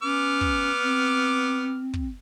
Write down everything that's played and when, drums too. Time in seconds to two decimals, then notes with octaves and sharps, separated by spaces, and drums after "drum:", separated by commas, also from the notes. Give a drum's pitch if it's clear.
0.03 B3 C#4 D6 F6
0.41 drum: kick
0.83 C4
1.94 drum: kick